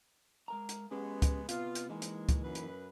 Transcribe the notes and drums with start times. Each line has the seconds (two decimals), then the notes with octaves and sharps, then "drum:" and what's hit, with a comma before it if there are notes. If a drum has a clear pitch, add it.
0.48 G#3 A#4 A#5
0.69 drum: hi-hat
0.91 G#3 B3 C#4 G4 B4
1.22 drum: kick C#2, hi-hat
1.49 C3 B3 F4, drum: hi-hat
1.75 drum: hi-hat
1.89 E3 G#3 A#3 D#4
2.02 drum: hi-hat
2.29 drum: kick C#2, hi-hat
2.44 F#2 B4
2.55 drum: hi-hat